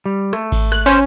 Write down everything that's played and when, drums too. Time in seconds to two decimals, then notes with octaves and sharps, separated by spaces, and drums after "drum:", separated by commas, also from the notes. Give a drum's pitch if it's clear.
0.06 G3
0.33 A3, drum: rim click
0.52 drum: kick G#1, cymbal
0.72 F#6, drum: rim click
0.86 C#4 C5